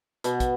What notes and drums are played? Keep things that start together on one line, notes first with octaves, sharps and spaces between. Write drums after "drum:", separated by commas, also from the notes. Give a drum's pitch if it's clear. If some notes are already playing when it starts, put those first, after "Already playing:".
B2, drum: hi-hat
drum: kick, hi-hat